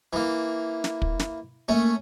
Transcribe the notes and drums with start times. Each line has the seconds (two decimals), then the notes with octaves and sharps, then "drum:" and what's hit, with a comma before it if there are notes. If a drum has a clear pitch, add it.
0.13 E3 A#3
0.84 drum: snare
1.02 drum: kick
1.19 drum: snare
1.69 A3 A#3 C#4